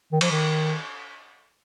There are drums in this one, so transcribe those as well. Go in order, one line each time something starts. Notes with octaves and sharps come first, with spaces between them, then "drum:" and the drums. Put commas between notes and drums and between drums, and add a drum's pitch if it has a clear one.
D#3
F3, drum: cymbal
D#3